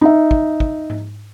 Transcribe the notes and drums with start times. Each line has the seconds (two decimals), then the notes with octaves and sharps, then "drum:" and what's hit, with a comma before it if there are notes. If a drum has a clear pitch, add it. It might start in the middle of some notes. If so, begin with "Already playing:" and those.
0.01 D#4 E5
0.31 drum: kick
0.60 drum: kick
0.90 drum: tom G#2